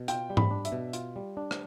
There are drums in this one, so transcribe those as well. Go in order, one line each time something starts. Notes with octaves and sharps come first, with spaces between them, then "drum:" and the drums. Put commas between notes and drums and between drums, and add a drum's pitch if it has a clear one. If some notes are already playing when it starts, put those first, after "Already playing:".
Already playing: B2
F4 G5, drum: hi-hat
G3
B5, drum: tom G#2
D4
E5, drum: hi-hat
B2
F4, drum: hi-hat
G3
D4
drum: rim click